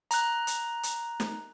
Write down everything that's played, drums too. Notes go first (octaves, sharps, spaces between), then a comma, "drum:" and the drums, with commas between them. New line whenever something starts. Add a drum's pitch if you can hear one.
A#5 F#6, drum: hi-hat
drum: hi-hat
drum: hi-hat
drum: snare